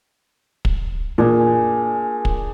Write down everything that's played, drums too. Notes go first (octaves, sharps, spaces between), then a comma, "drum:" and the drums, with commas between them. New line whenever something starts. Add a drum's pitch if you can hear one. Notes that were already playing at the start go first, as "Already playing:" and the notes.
drum: kick
A#2 D4 G#4
drum: kick